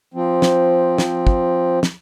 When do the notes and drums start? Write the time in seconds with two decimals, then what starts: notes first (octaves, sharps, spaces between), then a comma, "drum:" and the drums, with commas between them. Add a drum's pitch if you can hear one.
0.14 F3 C4
0.42 drum: snare
0.98 drum: snare
1.27 drum: kick
1.83 drum: snare